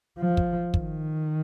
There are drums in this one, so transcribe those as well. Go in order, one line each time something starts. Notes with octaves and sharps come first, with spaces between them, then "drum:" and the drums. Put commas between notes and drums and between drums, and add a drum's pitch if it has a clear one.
F3
drum: kick
D#3, drum: kick